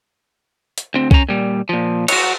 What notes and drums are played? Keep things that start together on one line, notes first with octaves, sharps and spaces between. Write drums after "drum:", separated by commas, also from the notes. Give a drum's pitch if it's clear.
drum: hi-hat
D2 C4
C#4 A#5, drum: kick C2
A#2 G3
A#2 F3
F#4 C#5, drum: cymbal